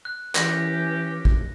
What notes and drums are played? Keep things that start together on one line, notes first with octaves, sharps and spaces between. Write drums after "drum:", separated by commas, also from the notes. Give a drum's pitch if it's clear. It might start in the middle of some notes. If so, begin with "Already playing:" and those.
F#6
E3 C#4 G4 A#6, drum: clap
drum: kick